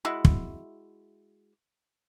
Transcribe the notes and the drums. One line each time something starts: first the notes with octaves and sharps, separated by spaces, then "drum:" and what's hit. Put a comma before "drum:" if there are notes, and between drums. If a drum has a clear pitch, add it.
G#3 E4 F#4
drum: kick